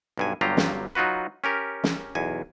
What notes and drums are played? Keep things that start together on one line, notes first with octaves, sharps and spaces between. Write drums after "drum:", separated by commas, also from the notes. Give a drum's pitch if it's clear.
B1 G2 G#5
G1 G2 F#3 F4 G4 A#5
drum: snare
F#3 D#4 F4 F#4 B4
C#4 G4 A#4
drum: snare
B1 E2 G#5